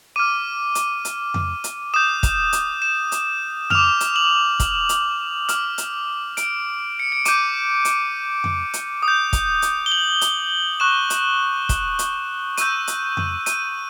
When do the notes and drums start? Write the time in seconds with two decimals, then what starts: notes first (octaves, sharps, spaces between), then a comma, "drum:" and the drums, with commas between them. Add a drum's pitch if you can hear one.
0.16 D6 F6 D#7
0.75 drum: hi-hat
1.05 drum: hi-hat
1.34 drum: tom F2
1.64 drum: hi-hat
1.94 D#6 G6 E7
2.23 drum: kick, hi-hat
2.53 drum: hi-hat
2.82 E7
3.12 drum: hi-hat
3.70 D6 F6 F7, drum: tom F2
4.00 drum: hi-hat
4.16 F#7
4.60 drum: kick, hi-hat
4.89 drum: hi-hat
5.49 D6 F6, drum: hi-hat
5.78 drum: hi-hat
6.37 D7, drum: hi-hat
6.99 C#7
7.12 D7
7.25 D6 G6 D#7, drum: hi-hat
7.85 drum: hi-hat
8.44 drum: tom F2
8.74 drum: hi-hat
9.02 D#6
9.08 G6
9.33 drum: kick, hi-hat
9.62 drum: hi-hat
9.86 G7
9.92 F#7
10.21 drum: hi-hat
10.80 C#6 F#6 E7
11.10 drum: hi-hat
11.69 drum: kick, hi-hat
11.99 drum: hi-hat
12.57 C#6 E6 G6 D#7, drum: hi-hat
12.87 drum: hi-hat
13.17 drum: tom F2
13.46 D#7, drum: hi-hat